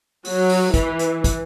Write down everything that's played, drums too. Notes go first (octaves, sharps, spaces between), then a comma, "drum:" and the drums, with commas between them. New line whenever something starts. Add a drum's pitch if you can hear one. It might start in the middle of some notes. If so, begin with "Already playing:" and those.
F#3, drum: open hi-hat
drum: open hi-hat
E3, drum: kick, hi-hat
drum: hi-hat
drum: kick, hi-hat